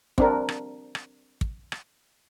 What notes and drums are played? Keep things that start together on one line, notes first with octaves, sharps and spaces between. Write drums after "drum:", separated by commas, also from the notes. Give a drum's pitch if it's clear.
C4 D4 A#4, drum: kick
drum: rim click
drum: rim click
drum: kick
drum: rim click